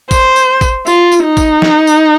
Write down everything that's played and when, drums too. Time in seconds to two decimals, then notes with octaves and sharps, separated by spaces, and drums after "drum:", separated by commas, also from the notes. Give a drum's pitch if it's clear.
0.11 C5, drum: kick, tambourine
0.36 drum: tambourine
0.61 drum: kick, tambourine
0.87 F4, drum: tambourine
1.12 drum: tambourine
1.24 D#4
1.37 drum: kick, tambourine
1.62 drum: snare
1.87 drum: tambourine